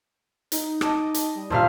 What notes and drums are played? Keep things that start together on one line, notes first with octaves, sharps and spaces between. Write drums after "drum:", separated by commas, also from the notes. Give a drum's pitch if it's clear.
D#4, drum: hi-hat
D#5 A5 D6, drum: rim click
drum: hi-hat
G3
D#2 A#2 F3 E5 F5